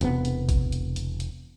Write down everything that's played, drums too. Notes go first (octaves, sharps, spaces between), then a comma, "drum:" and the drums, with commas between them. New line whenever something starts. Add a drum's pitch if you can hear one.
E1 C3 B3, drum: hi-hat
drum: hi-hat
drum: kick, hi-hat
drum: hi-hat
drum: hi-hat
drum: hi-hat